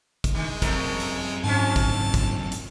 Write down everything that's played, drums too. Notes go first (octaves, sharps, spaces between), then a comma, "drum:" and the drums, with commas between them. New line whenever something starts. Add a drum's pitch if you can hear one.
drum: kick, hi-hat
D#3 G#3
F#2 A3 C4 A#4, drum: kick, hi-hat
drum: hi-hat
G#2 D3 F3 C#4 A5
drum: kick, hi-hat
drum: kick, hi-hat
drum: hi-hat